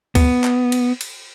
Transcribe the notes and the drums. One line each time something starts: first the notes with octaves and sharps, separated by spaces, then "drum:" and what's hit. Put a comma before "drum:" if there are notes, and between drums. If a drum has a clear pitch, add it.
B3, drum: kick, cymbal
drum: clap
drum: cymbal
drum: cymbal